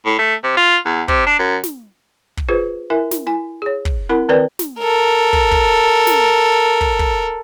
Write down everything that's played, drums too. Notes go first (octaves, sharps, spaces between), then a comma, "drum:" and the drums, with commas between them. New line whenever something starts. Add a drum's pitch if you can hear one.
A2
A3
C3
F4
E2
C3, drum: kick
D4
F#2
drum: snare
drum: kick
F4 G#4 B4 C5
E4 A#4 E5 G#5
drum: snare
E4 G#5
G#4 C#5
drum: kick
C4 E4 A#4 F#5 B5
D#3 C4 A#4 B4 D5 G5
drum: snare
A4 A#4
drum: kick
drum: kick
drum: snare
drum: kick
drum: kick